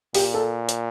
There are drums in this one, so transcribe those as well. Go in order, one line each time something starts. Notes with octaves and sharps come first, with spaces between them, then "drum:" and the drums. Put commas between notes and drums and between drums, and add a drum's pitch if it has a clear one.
A#2 G4, drum: open hi-hat
A4
drum: hi-hat